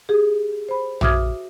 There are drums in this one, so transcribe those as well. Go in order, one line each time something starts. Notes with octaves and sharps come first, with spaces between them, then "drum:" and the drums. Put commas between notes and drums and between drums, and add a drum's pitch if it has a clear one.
G4 G#4
C5 B5
F#4 E5 D6 D#6 F6 G#6, drum: tom A#1